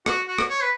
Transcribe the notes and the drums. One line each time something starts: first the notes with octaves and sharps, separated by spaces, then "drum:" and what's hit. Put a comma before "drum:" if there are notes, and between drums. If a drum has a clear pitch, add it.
F#4, drum: rim click
F#4
drum: rim click
C#5
B4